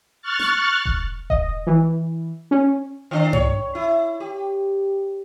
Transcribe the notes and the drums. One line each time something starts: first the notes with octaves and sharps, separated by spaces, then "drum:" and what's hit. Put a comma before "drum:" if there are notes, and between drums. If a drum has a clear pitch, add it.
C#6 F6 F#6 A6
drum: snare
drum: kick E1
D#5, drum: kick E1
E3
C#4
D#3 D4
C#5, drum: tom G2
E4
G4